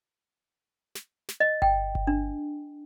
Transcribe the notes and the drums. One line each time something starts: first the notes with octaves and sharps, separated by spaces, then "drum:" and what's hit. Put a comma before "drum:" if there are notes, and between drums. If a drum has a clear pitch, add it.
drum: snare
drum: snare
D#5
G5, drum: kick G1
drum: kick G1
D4